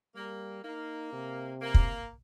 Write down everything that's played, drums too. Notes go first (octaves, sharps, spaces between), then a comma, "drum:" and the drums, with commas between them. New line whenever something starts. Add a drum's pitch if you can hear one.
G3 A#3
A#3 D#4
C3
A#3
drum: kick